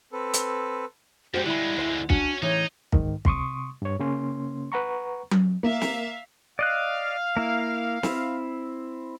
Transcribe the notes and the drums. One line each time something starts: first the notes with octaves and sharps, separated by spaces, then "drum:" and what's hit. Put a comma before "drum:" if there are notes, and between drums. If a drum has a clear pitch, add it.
C4 A4 B4
drum: hi-hat
F#2 G3 G#3 F#4 G4 C5
D3 G3 G#3 E4 B5
D2 C5 F#5
C#4 D4 F#4, drum: kick
A2 C#3 E3 D#4 C#5
G#2 D#3, drum: kick
C3 C6 C#6 D#6, drum: kick
G2 C#5
C#3 A#3 C#4 C6
B4 F#5 A#5 C#6
drum: tom F#3
A#3 E5 F5
drum: snare
D5 D#5 F5 F#6
A#3 E4
C4 E4, drum: snare